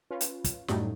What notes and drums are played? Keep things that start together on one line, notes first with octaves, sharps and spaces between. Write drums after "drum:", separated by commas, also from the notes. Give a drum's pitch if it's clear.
C#4 F4 B4
drum: hi-hat
drum: kick, hi-hat
F#2 A2 F#3 G3 A3 D#4, drum: snare